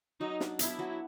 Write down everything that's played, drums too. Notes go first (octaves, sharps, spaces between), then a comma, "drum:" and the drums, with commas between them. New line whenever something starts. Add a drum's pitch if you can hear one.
F#3 D#4
D4, drum: snare
B3 E4, drum: hi-hat
F#3